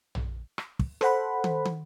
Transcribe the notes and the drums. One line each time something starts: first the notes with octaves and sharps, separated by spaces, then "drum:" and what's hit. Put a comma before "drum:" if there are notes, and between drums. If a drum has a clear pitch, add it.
drum: tom A#1
drum: rim click
drum: kick
A4 C5 F#5 B5, drum: rim click
drum: tom
drum: tom